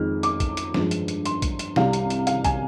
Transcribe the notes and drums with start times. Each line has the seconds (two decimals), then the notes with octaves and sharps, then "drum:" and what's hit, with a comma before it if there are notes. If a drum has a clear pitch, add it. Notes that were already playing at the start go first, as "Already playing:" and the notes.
Already playing: F2 D#3 G#3 F6
0.23 D6, drum: hi-hat
0.40 drum: kick, hi-hat
0.57 drum: hi-hat
0.74 G2 F3 G#3, drum: snare
0.91 drum: hi-hat
1.08 drum: hi-hat
1.25 C6, drum: hi-hat
1.42 drum: kick, hi-hat
1.59 drum: hi-hat
1.76 C2 C3 G3 F5, drum: snare
1.93 drum: hi-hat
2.10 drum: hi-hat
2.27 F5, drum: hi-hat
2.45 G#5, drum: kick, hi-hat